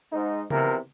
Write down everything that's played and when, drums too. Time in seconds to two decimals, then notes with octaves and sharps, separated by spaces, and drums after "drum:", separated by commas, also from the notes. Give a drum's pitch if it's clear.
0.13 G#2 D#4
0.50 E2 C3 F3 A#4, drum: tom C#3